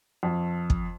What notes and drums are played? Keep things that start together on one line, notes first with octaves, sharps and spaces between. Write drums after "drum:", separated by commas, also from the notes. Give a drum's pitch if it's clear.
F2
drum: kick